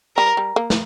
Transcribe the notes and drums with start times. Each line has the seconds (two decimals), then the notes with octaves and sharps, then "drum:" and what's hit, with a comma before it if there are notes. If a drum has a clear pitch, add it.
0.17 G3 A#4
0.37 G3
0.56 A#3
0.70 drum: snare